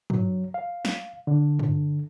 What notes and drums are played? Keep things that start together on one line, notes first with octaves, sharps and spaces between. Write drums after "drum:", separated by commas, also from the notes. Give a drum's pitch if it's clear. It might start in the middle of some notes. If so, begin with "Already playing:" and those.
F#3, drum: tom G2
F5
drum: snare
D3
drum: tom G2